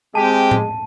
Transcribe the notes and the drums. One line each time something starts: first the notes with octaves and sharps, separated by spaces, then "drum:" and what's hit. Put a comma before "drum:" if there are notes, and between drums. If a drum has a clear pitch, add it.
G#3 C4 G4 A5
drum: tom A2